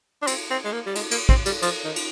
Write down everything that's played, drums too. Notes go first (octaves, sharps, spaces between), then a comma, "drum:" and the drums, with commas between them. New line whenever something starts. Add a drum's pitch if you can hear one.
D4
C4, drum: cymbal
C4
G#3
A#3
G3
G#3, drum: cymbal
A#3, drum: cymbal
C4, drum: kick
G3, drum: cymbal
F3, drum: cymbal
D#3
drum: cymbal